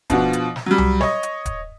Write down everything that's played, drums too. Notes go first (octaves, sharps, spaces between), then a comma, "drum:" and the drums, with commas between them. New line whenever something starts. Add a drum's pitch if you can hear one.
B2 F3 D4 F#4, drum: kick D1, hi-hat
drum: hi-hat
drum: snare
F#3 G3
drum: tom C2
C#5 D#5, drum: snare
drum: hi-hat
drum: kick D1, hi-hat